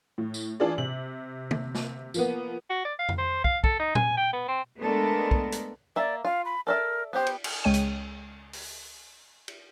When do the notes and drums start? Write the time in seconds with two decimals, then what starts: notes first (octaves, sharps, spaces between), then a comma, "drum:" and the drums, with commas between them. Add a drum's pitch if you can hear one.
0.18 A2
0.34 drum: tambourine
0.60 E3 D4 F4 G#4 D5
0.78 C3 F#7
1.51 drum: tom
1.75 drum: snare
2.14 F3 A#3 B3, drum: tambourine
2.70 F#4
2.85 D5
2.99 F5
3.09 drum: tom F2
3.18 C5
3.45 F5, drum: kick
3.64 A4, drum: kick
3.80 D#4
3.95 G#5, drum: tom
4.17 G5
4.33 B3
4.48 C4
4.79 G#3 A3 B3 D4 A4 A#4
5.31 drum: kick
5.52 drum: hi-hat
5.96 A#3 D5 E5
6.25 F4 F5
6.45 B5
6.67 A4 A#4 D5 E5
7.13 B3 G4 C5
7.27 drum: cymbal
7.44 drum: cymbal
7.64 C#2 G#3 C#5 G5 D#7
7.74 drum: hi-hat
8.53 drum: open hi-hat
9.48 drum: cymbal